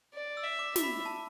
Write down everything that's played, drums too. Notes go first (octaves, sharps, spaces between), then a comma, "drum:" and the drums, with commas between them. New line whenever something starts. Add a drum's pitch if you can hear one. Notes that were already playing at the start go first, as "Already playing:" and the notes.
D5
E6
E5
D6
E5, drum: snare
B5
A5